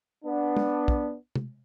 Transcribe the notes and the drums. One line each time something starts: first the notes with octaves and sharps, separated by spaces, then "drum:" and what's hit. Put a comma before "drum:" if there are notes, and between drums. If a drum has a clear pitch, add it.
B3 D4
drum: tom
drum: kick
drum: tom C3